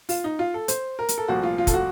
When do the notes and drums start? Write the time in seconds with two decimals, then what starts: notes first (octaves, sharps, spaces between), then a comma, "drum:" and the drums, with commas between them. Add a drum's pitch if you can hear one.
0.09 F4, drum: open hi-hat
0.24 D#4
0.39 F4
0.54 A4
0.68 C5, drum: hi-hat
0.99 A#4
1.09 drum: hi-hat
1.18 A4
1.28 C2 A#2 F3 A3 F#4
1.43 F4
1.58 F4
1.67 A4, drum: kick, hi-hat
1.73 F#4